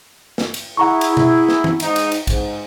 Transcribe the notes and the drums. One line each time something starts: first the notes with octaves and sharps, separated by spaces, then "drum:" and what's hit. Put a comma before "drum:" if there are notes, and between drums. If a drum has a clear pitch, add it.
drum: snare
drum: cymbal
E4 G#4 F#5 A#5 C#6
drum: cymbal
drum: tom B2
drum: snare
drum: tom D#3
G#2 D#4, drum: cymbal
drum: cymbal
drum: cymbal
G#2, drum: kick, cymbal